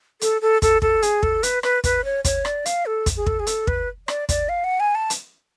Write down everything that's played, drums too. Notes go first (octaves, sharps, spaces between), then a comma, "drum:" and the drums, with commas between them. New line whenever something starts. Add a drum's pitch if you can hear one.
A4, drum: hi-hat
A4
A4, drum: kick, hi-hat
A4, drum: kick
G#4, drum: hi-hat
A4, drum: kick
B4, drum: hi-hat
B4, drum: rim click
B4, drum: kick, hi-hat
C#5
C#5, drum: kick, hi-hat
D5, drum: rim click
F5, drum: hi-hat
A4
drum: kick, hi-hat
G#4
A4, drum: kick
G#4
A4, drum: hi-hat
B4, drum: kick
D5, drum: rim click
D5, drum: kick, hi-hat
F5
F#5
G#5
A5
drum: hi-hat